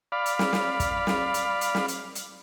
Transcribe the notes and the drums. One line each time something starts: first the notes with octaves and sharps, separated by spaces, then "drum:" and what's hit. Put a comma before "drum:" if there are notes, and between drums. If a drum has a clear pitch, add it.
D5 F5 B5
drum: hi-hat
drum: snare
drum: snare
drum: kick, hi-hat
drum: snare
drum: hi-hat
drum: hi-hat
drum: snare
drum: hi-hat
drum: hi-hat